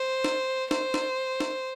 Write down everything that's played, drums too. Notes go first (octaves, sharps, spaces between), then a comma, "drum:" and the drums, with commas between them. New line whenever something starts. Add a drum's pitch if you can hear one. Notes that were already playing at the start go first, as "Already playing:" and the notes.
Already playing: C5
drum: snare
C5, drum: snare
drum: snare
drum: snare